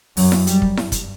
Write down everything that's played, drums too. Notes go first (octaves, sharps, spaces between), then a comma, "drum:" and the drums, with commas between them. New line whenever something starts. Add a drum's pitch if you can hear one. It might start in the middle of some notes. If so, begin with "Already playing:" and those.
F#2 F#3, drum: open hi-hat
drum: snare E4
G3, drum: hi-hat
drum: kick
G2, drum: snare E4
drum: kick, hi-hat